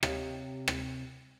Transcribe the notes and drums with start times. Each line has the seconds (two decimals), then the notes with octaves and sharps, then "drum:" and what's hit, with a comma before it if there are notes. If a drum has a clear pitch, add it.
0.03 C3 G4 C#5 D#5 F5, drum: rim click
0.68 drum: rim click